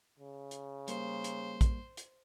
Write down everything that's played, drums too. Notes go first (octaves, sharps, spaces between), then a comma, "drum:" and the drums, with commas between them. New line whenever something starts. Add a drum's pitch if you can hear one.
C#3
drum: hi-hat
G3 A#3 C5, drum: hi-hat
drum: hi-hat
drum: kick, hi-hat
drum: hi-hat